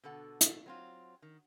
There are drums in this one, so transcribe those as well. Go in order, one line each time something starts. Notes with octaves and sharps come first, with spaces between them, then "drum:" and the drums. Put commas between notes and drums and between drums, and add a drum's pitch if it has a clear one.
B2 D3 A4 F#5
drum: hi-hat
F#3 C4 F4
D#3